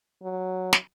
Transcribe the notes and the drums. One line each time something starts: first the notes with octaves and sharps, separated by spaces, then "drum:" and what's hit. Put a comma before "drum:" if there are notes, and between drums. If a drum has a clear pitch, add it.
F#3
drum: snare